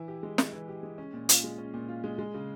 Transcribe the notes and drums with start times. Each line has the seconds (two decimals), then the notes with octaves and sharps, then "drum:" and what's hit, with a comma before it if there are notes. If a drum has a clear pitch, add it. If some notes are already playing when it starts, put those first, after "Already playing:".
Already playing: E3 E4
0.08 G4
0.23 G#3
0.38 E4, drum: snare
0.53 E3
0.68 G4
0.83 G#3
0.98 C#4
1.13 A#2
1.29 F4, drum: hi-hat
1.44 G#3
1.58 C#4
1.74 A#2
1.89 F4
2.04 G#3
2.19 G#3
2.34 C#3